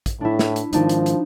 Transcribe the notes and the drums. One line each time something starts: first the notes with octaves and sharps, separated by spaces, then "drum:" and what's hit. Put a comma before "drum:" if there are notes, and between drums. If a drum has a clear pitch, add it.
drum: kick, hi-hat
A2 D4 E4
drum: snare
drum: hi-hat
G#2 D#3 F3 D4 D#4, drum: hi-hat
drum: hi-hat
drum: hi-hat